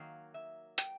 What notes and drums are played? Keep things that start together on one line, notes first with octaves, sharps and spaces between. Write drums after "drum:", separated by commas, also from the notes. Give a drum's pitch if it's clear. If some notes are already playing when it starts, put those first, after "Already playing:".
Already playing: D#3 F#3 A#3 F5
E5
G5, drum: hi-hat